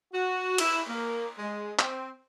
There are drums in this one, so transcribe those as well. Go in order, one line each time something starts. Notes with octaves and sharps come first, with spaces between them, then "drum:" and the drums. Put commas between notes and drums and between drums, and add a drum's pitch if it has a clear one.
F#4
E4, drum: cymbal
A#3
G#3
C4, drum: clap